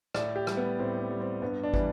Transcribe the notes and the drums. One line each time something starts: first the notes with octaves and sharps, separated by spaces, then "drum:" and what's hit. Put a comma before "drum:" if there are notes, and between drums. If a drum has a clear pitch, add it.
A2 D5, drum: rim click
G4
G3, drum: rim click
B3
A2 C4
C4
G3
C4
G2 B3
D4
E3 G3, drum: kick